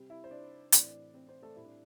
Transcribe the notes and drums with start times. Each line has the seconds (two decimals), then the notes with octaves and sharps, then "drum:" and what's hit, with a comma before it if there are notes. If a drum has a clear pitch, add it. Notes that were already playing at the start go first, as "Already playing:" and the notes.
Already playing: C3 G3 C4
0.10 E4 E5
0.24 C5
0.31 D4 D5
0.72 A2 E3 A3 C4, drum: hi-hat
1.14 C4 C5
1.28 C4 C5
1.42 A3 A4
1.56 A2 G3 C4 E4
1.65 D4